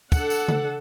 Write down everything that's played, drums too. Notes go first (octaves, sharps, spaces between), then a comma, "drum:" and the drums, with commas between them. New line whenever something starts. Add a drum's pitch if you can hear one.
D4 A4 F#5, drum: kick, tambourine
drum: tambourine
drum: tom C#3